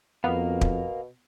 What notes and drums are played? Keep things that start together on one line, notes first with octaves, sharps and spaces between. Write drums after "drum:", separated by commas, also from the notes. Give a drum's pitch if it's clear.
F2 B2 B3 A#4 F5
drum: kick